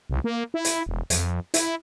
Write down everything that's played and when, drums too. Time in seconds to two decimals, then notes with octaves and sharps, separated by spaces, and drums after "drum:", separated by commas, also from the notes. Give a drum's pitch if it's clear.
0.10 C2
0.24 A#3
0.54 E4
0.65 drum: hi-hat
0.86 E1
1.10 F2, drum: hi-hat
1.54 E4, drum: hi-hat